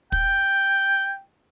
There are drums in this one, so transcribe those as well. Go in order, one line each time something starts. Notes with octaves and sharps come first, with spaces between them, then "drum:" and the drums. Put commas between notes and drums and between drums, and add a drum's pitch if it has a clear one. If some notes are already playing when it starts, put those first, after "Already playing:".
G5, drum: kick